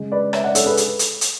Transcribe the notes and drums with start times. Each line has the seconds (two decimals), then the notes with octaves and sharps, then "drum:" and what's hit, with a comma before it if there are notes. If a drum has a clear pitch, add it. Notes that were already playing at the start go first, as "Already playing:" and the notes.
Already playing: C#3 G#3
0.12 B4 D5
0.33 C#5 E5, drum: rim click
0.44 D5 F#5
0.55 A4 C#5, drum: hi-hat
0.66 G#4 B4
0.77 drum: hi-hat
0.99 drum: hi-hat
1.21 drum: hi-hat